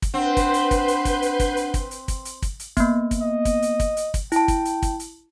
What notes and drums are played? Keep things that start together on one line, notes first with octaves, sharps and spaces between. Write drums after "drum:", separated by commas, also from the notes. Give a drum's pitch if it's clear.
drum: kick, hi-hat
C4 D4 B4 F#5 C6 G6
drum: kick, hi-hat
drum: hi-hat
drum: kick, hi-hat
drum: hi-hat
drum: kick, hi-hat
drum: hi-hat
drum: kick, hi-hat
drum: hi-hat
drum: kick, hi-hat
drum: hi-hat
drum: kick, hi-hat
drum: hi-hat
drum: kick, hi-hat
drum: hi-hat
A#3 B3, drum: kick, hi-hat
drum: kick, hi-hat
D#5
drum: kick, hi-hat
drum: hi-hat
drum: kick, hi-hat
drum: hi-hat
drum: kick, hi-hat
E4 G5 A5, drum: hi-hat
drum: kick, hi-hat
drum: hi-hat
drum: kick, hi-hat
drum: hi-hat